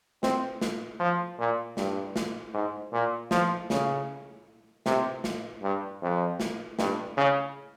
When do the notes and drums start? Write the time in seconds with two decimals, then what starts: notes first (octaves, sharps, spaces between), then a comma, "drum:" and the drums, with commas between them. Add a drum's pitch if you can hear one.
0.23 C4, drum: snare
0.61 drum: snare
1.00 F3
1.39 A#2
1.77 G2, drum: snare
2.16 drum: snare
2.54 G#2
2.93 A#2
3.31 F3, drum: snare
3.70 C#3, drum: snare
4.86 C3, drum: snare
5.24 drum: snare
5.62 G2
6.01 F2
6.40 drum: snare
6.79 G2, drum: snare
7.17 C#3